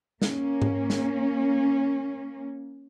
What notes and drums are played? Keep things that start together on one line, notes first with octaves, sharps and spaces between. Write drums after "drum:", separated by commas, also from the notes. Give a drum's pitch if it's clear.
A#3 C#4, drum: snare
drum: tom G#2
drum: snare